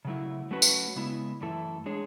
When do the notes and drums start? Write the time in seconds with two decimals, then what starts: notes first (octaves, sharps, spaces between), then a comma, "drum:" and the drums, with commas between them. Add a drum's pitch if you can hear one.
0.05 C#3 F#3 A3 E4
0.51 F#3 A3 C#4 F#4 B4
0.62 drum: tambourine
0.96 C#3 G#3 B3 E4
1.41 F#2 E3 A3 E4 A4
1.86 G#3 D4 G#4 C#5